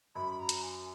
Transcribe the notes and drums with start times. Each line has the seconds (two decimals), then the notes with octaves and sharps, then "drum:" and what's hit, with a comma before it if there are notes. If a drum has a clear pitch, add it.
0.15 F#2 B5
0.39 A#5
0.49 drum: hi-hat
0.62 G#5